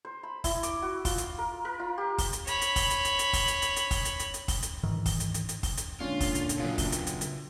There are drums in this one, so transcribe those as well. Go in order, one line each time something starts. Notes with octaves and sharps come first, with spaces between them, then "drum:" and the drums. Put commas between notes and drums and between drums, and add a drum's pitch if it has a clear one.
C5
B5
E4, drum: kick, open hi-hat
D6, drum: hi-hat
F#4
F4, drum: kick, open hi-hat
drum: hi-hat
A#4
A#4
F4
G4
drum: kick, open hi-hat
drum: hi-hat
C#5 B5, drum: hi-hat
drum: hi-hat
drum: kick, open hi-hat
drum: hi-hat
drum: hi-hat
drum: hi-hat
drum: kick, open hi-hat
drum: hi-hat
drum: hi-hat
drum: hi-hat
drum: kick, open hi-hat
drum: hi-hat
drum: hi-hat
drum: hi-hat
drum: kick, open hi-hat
drum: hi-hat
G#2 D#3 E3
drum: kick, open hi-hat
drum: hi-hat
drum: hi-hat
drum: hi-hat
drum: kick, open hi-hat
drum: hi-hat
A#2 D3 G#3 C#4 D4 F4
drum: kick, open hi-hat
drum: hi-hat
drum: hi-hat
C#3 F#3 B3 F4
drum: kick, open hi-hat
drum: hi-hat
drum: hi-hat
drum: hi-hat